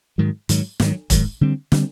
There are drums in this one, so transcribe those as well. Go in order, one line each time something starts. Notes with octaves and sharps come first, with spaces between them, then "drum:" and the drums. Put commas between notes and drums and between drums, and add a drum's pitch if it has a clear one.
G#2 D#3 F#3
G#2 D#3 F#3, drum: hi-hat
G#2 D#3 F#3, drum: snare
G#2 D#3 F#3, drum: kick E1, hi-hat
D3 G3 C4
D3 G3 C4, drum: snare